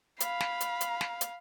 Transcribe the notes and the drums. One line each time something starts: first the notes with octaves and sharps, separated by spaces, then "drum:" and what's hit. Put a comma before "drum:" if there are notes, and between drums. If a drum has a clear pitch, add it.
F5 B5, drum: hi-hat
drum: snare
drum: hi-hat
drum: hi-hat
drum: snare
drum: hi-hat